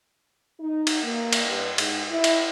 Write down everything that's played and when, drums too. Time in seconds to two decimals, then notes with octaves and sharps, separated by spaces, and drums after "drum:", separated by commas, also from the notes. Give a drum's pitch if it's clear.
0.59 D#4
0.87 drum: cymbal
1.03 A#3
1.33 drum: cymbal
1.48 G2
1.78 G#2, drum: cymbal
2.10 E4
2.24 drum: cymbal